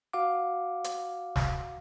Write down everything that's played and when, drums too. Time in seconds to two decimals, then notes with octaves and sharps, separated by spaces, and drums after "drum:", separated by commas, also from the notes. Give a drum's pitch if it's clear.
0.13 F#4 F5 F#5 D6
0.84 drum: hi-hat
1.36 drum: snare